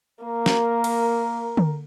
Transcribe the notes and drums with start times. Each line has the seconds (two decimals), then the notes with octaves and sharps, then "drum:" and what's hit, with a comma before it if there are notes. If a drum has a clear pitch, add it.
0.23 A#3 A#4
0.46 drum: snare
0.84 drum: cymbal
1.57 drum: tom D3